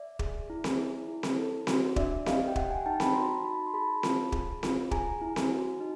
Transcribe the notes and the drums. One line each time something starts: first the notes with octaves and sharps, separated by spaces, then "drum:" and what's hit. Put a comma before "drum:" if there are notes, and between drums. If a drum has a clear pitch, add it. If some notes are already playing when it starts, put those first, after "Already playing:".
Already playing: D5 E5
G#4, drum: kick
E4
drum: snare C4
G#4
E4
drum: snare C4
A4
F#4, drum: snare C4
D4 D5 E5, drum: kick
G4 D#5 F5, drum: snare C4
G5
G4 E5 F#5, drum: kick
F#5 G#5
D#4 G5 A5
A5 B5, drum: snare C4
F#4 A#5 C6
D#4 A5 B5
C6
G#4 A5 B5
F4, drum: snare C4
G#4, drum: kick
F4, drum: snare C4
G#4 G#5 A#5, drum: kick
E4
drum: snare C4
F#4
D#4